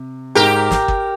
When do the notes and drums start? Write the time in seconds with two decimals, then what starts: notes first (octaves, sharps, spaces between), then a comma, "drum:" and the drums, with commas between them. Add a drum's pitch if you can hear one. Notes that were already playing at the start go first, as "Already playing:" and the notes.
Already playing: C3
0.35 G#2 G4 A#4
0.71 drum: snare
0.88 drum: kick